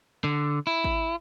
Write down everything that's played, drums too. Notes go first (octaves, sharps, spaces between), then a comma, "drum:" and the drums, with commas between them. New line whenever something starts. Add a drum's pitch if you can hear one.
D3
E4
drum: kick G#1